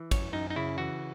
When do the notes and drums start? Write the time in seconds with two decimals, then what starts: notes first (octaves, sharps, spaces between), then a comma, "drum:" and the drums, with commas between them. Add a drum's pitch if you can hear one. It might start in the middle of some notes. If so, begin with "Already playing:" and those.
Already playing: E3
0.11 F#2 C#5, drum: kick, cymbal
0.33 F#2 D#4
0.50 D#4
0.56 C#3 E4
0.78 E3 F#4